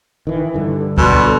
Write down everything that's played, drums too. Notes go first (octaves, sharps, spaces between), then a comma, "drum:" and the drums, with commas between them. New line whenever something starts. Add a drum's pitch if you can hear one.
D#3 E3
G2 D3 A4
B2 F#4 D5 C6, drum: kick C#2
A4 C#5